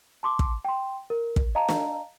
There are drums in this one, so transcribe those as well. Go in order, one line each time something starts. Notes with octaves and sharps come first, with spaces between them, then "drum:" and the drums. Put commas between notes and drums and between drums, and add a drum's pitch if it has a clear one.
A5 C6 D6
drum: kick
G5 C6
A#4
drum: kick
D#5 F5 A5 A#5
drum: snare